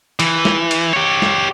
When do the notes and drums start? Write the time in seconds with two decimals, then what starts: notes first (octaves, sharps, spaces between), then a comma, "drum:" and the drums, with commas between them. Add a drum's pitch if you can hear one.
0.20 E3, drum: cymbal
0.45 drum: snare
0.71 drum: cymbal
0.93 G4 C#5
1.22 drum: snare